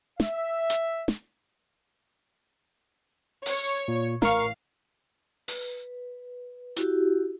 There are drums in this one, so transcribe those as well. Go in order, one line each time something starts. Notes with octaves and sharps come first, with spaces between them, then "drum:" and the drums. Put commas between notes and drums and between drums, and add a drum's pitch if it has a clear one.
E5, drum: snare
drum: hi-hat
drum: snare
C#5, drum: open hi-hat
A#2
A1 A#4 F5 C#6, drum: snare
B4, drum: open hi-hat
E4 F#4 G4, drum: hi-hat